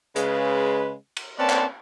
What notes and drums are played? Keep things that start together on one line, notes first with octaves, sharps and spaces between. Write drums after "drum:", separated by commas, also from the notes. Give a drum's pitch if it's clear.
C#3 G#3 B4, drum: hi-hat
drum: cymbal
A#3 C4 C#4 B4 D5 A5
drum: clap